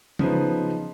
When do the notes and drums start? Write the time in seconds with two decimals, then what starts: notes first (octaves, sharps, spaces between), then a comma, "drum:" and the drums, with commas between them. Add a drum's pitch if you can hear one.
0.19 C#3 F3 B3 D#4 B4 C5, drum: tom F#3